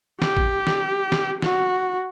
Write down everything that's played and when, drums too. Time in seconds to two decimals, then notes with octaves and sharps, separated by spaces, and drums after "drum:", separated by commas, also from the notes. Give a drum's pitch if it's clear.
0.22 G4, drum: snare
0.37 drum: kick A1
0.67 drum: snare
1.12 drum: snare
1.42 F#4, drum: snare